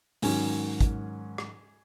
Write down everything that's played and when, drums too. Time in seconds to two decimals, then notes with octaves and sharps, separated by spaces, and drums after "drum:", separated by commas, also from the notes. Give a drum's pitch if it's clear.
0.22 G#2 D#3 F#3 C#4 G#5, drum: open hi-hat
0.81 drum: kick, hi-hat
1.38 drum: rim click